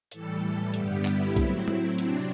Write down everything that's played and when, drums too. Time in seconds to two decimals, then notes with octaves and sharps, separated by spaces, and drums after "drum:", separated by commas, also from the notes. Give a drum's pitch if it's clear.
0.11 A2 E3 G3 A4, drum: hi-hat
0.74 G2 D3 G3 B3 G4, drum: hi-hat
1.05 E4, drum: clap
1.36 A2 F#3 C4 E4, drum: kick B1, hi-hat
1.68 drum: tom G3
1.98 C3 F#3 C4 D4, drum: hi-hat